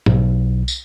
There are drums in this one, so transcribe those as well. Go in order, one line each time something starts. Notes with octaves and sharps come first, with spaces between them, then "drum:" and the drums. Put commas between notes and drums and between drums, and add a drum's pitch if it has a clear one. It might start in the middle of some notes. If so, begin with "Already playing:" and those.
B1, drum: tom
drum: tambourine